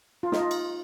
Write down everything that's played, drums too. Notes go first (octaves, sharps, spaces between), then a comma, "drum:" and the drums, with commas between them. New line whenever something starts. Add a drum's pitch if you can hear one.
F4
D#4, drum: snare
F4
drum: cymbal